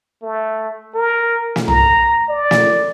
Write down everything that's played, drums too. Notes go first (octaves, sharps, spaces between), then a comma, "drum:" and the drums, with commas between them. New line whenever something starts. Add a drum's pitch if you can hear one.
A3
A#4
drum: snare
A#5, drum: tom
D5
drum: snare